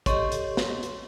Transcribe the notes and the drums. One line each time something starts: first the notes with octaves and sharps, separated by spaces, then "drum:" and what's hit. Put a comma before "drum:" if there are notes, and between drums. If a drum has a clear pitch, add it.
G4 A4 C#5 D#5 C6 C#6, drum: kick, hi-hat
drum: hi-hat
drum: snare
drum: hi-hat